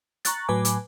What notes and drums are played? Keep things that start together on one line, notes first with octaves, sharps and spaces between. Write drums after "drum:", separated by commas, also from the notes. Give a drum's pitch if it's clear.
A#5 C#6 F#6 A6, drum: hi-hat
A2 F#3 B4 G#5 D6
drum: hi-hat